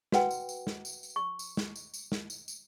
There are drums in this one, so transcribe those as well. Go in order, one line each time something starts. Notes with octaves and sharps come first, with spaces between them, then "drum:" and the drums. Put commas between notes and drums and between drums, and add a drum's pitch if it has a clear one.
F#4 B4 F#5 G5, drum: snare
drum: tambourine
drum: tambourine
drum: snare
drum: tambourine
drum: tambourine
C#6
drum: tambourine
drum: snare
drum: tambourine
drum: tambourine
drum: snare
drum: tambourine
drum: tambourine